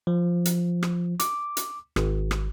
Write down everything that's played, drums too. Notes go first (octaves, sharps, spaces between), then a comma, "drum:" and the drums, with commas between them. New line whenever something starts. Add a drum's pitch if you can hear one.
F3
drum: hi-hat
drum: rim click
D6, drum: hi-hat
drum: hi-hat
G#1, drum: rim click
drum: rim click